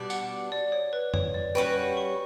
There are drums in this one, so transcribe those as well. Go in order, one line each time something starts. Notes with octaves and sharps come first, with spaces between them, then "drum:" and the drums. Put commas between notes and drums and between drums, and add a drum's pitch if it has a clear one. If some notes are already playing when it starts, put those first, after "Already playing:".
Already playing: B2 G3 D4
F#5, drum: tambourine
D5
C#5
B4
C#5, drum: tom F2
D5
G3 C#4 F#4 B4 G5
C#6